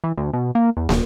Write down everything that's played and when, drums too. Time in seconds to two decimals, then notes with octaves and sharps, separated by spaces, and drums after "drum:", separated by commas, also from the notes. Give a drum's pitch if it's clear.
0.04 E3
0.17 D2
0.33 B2
0.55 A#3
0.77 E2
0.89 D#1, drum: snare